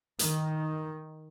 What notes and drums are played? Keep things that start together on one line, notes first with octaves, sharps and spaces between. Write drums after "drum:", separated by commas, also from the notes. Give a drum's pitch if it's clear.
D#3, drum: hi-hat